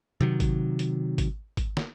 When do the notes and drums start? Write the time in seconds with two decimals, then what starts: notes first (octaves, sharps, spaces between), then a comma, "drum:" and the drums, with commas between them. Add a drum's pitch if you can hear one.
0.21 C3 D#3 F#3
0.40 drum: kick G#1, hi-hat
0.79 drum: hi-hat
1.18 drum: kick G#1, hi-hat
1.57 drum: kick G#1, hi-hat
1.77 drum: snare